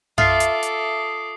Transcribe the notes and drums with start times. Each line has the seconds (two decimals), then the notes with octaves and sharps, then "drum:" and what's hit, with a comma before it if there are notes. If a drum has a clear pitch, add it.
0.18 F4 A4 E5 D6 D#6 C7, drum: tom F#2
0.40 drum: hi-hat
0.63 drum: hi-hat